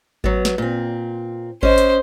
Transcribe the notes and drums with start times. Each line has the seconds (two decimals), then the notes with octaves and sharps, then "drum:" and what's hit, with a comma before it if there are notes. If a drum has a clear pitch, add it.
0.24 F#3 B3, drum: kick G#1
0.45 drum: snare
0.58 A#2 C4
1.63 C#4 C5 D#5, drum: kick G#1
1.78 drum: hi-hat